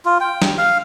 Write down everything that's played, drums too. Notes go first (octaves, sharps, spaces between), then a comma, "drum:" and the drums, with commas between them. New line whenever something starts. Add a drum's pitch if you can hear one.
F4
G5
drum: snare
F5